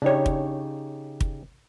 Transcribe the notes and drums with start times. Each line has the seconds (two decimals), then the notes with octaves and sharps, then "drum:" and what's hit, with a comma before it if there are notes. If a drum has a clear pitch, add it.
0.02 C#3 D4 D#4 G4 C#5
0.26 drum: kick
1.21 drum: kick